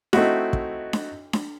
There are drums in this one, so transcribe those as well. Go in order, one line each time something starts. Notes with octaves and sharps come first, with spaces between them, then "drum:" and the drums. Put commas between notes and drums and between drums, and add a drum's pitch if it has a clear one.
A3 C4 D#4 E4 F#4, drum: snare D4
drum: kick
drum: snare D4
drum: snare D4